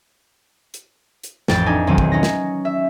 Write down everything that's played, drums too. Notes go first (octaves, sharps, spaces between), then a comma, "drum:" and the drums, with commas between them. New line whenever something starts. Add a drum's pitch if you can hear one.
drum: hi-hat
drum: hi-hat
A1 F2 G5 A6, drum: snare
D4 D#4 G#5
B1 E2 D#3 F#3 C4 D#7
drum: kick
C#4 D#4 A#6
drum: snare
E5